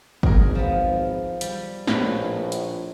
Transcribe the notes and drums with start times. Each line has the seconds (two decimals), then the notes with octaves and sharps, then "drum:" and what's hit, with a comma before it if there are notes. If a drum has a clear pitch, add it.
0.23 G#1 G#4 A#4, drum: kick
0.55 F3 B3
1.41 G3, drum: hi-hat
1.87 A#1 A2 B4, drum: snare
2.52 drum: hi-hat